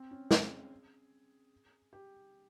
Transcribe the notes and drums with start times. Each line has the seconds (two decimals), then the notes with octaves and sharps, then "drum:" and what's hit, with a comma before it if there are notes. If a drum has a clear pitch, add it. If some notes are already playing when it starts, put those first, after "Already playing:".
Already playing: C4
0.11 C#4
0.31 G#4, drum: snare
1.93 G4